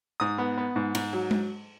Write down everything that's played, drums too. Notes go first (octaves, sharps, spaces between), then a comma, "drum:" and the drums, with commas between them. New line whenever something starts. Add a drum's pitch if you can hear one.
G#2 D#6
B3
B3
G#2
G#2, drum: cymbal
F#3
drum: tom G#3